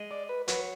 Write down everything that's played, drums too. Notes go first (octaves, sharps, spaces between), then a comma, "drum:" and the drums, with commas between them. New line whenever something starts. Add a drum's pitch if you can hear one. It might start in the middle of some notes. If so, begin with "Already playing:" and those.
Already playing: G#3
D5
B4
F#3 B4, drum: hi-hat